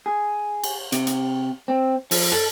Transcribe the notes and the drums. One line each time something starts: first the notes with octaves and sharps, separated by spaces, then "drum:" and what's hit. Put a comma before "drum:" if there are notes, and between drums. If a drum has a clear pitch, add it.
G#4
drum: cymbal
C3, drum: hi-hat
drum: hi-hat
C4
F3, drum: open hi-hat
A4, drum: rim click